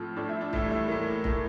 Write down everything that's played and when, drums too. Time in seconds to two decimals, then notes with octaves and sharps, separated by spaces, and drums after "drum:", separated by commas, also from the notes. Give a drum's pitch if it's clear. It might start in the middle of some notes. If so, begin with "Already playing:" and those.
Already playing: A2 F3 C4
0.16 A2 F3 D4
0.29 E4
0.41 D4
0.53 A2 E3 A3, drum: kick
0.65 G3
0.71 A3
0.88 A2 E3 A#3
1.06 A#3
1.24 A2 E3 A#3, drum: kick